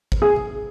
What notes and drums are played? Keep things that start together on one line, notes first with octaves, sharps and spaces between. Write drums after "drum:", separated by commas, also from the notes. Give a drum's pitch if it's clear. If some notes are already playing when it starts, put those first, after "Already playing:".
drum: kick
G#4